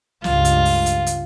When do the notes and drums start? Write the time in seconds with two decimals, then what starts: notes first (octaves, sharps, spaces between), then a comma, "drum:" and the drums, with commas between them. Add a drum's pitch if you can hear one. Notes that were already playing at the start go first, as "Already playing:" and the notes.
0.24 C#2 G2 F4, drum: snare
0.45 drum: hi-hat
0.65 drum: open hi-hat
0.86 drum: hi-hat
1.06 drum: hi-hat